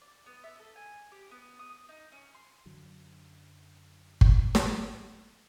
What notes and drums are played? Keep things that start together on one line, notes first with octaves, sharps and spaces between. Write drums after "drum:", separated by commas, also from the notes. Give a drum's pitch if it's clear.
D5
B3
E5
A4
G#5
G4
B3
D#6
D#4
C#4
C6
F#2 D3 F#3
drum: kick G1
drum: snare